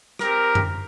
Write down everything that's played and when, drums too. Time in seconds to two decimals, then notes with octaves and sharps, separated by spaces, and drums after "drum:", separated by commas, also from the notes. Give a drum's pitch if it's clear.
0.19 C4 G4 A#4, drum: rim click
0.55 drum: tom F#2